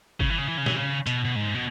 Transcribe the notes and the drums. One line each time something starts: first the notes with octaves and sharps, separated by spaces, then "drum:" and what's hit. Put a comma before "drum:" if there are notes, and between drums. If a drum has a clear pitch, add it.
C#3, drum: kick
E3
C#3
E3
C#3
E3, drum: snare
C#3
B2, drum: hi-hat
B2
G#2
B2